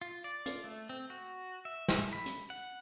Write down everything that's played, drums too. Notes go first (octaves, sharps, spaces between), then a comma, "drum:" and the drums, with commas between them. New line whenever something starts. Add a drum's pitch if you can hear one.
F4
D5
F4, drum: hi-hat
A3
C4
F#4
E5
E5, drum: snare
B5
drum: hi-hat
F#5